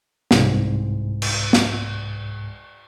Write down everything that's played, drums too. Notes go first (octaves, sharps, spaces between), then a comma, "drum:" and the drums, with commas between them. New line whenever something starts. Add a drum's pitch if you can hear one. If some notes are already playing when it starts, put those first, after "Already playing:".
C2 G#2, drum: snare
drum: cymbal
drum: snare